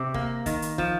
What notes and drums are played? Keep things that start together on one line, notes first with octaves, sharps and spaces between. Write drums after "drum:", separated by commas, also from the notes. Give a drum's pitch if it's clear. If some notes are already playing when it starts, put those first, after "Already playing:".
Already playing: C3
A#3, drum: kick
D#3, drum: kick, hi-hat
drum: hi-hat
F3, drum: kick